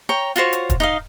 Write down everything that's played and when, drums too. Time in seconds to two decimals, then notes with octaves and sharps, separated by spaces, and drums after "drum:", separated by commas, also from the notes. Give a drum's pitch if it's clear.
0.09 C#5 G5 A#5
0.36 F4 F#4 C5 C#5, drum: hi-hat
0.53 drum: hi-hat
0.70 drum: kick, hi-hat
0.80 D#4 D#5 F5